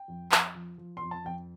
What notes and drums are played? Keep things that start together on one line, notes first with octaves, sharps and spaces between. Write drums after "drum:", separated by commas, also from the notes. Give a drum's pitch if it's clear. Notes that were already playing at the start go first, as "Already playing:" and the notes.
Already playing: G5
F2
F2, drum: clap
F3
F3
F2 C6
A5
F2 G5